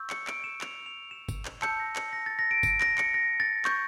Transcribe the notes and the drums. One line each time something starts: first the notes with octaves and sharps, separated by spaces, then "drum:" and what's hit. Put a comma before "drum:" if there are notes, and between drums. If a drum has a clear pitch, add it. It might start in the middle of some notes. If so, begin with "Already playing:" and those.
Already playing: C#6 E6 G6
C#7, drum: clap
D7, drum: clap
E7
F7, drum: clap
F7
E7
drum: kick, tambourine
drum: clap
A5 E6 G6 C#7, drum: clap
A#6
C#7, drum: clap
A#6
A6
A#6
D7
D7, drum: kick, tambourine
A#6, drum: clap
C#7, drum: clap
A#6
A6
C#6 G6, drum: clap